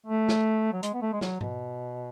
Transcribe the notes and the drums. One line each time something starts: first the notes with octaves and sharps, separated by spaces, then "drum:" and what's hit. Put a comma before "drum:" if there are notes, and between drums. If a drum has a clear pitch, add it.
A3
drum: snare
F#3
G#3, drum: hi-hat
B3
A3
G#3
F#3, drum: snare
B2, drum: tom G#2